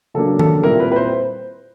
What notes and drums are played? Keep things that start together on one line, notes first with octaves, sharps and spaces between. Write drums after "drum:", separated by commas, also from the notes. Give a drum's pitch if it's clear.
C#3 F#3 A#3 D4 A4
A4, drum: tom D#3
A#2 G3 C4 E4 A#4
B4
B4
C5